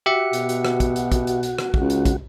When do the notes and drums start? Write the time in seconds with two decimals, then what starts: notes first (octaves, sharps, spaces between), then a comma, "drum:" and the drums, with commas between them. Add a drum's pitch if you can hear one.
0.06 F#4 G4 E5 F#5 C#7
0.33 B2, drum: hi-hat
0.49 drum: hi-hat
0.65 drum: rim click
0.80 drum: kick, hi-hat
0.96 drum: hi-hat
1.12 drum: kick, hi-hat
1.27 drum: hi-hat
1.43 drum: hi-hat
1.59 drum: rim click
1.74 C#2, drum: kick
1.90 drum: hi-hat
2.05 drum: kick, hi-hat